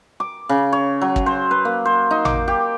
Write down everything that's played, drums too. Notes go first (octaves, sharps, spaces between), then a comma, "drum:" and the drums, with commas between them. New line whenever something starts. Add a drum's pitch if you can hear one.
D6
C#3
C#5
F#3
drum: kick
C5
B4
A#3
C5
D#4
D6, drum: tom A1
G4